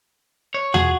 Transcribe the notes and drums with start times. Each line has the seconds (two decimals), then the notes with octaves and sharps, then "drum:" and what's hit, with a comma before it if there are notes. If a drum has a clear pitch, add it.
0.54 C#5
0.74 F4 F#4 G#4, drum: tom E2